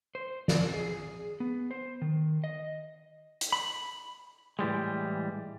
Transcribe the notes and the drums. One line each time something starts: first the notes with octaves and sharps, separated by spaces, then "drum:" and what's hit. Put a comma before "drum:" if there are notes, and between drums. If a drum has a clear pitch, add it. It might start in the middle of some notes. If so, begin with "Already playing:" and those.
C5
D5, drum: snare
G#4
B3
C5
D#3
D#5
drum: hi-hat
B5
A2 E3 G3 G#3